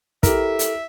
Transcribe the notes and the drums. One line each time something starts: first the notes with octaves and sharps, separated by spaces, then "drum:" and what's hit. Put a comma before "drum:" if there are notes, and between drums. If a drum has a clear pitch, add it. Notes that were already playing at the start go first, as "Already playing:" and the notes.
E4 G4 A4 A#4 E5, drum: kick, hi-hat
drum: hi-hat